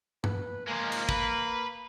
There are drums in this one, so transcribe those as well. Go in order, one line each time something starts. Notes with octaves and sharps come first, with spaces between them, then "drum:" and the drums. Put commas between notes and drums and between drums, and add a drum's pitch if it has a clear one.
B4, drum: tom G2
F3 G#3 A#3
drum: cymbal
B4, drum: kick